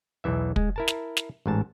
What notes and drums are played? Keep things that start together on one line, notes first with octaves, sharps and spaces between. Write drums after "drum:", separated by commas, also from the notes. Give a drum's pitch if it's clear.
B1 E2 E3 E5
G#3, drum: kick
E4 A#4 A5
drum: snare
drum: snare
A1 G#2 A5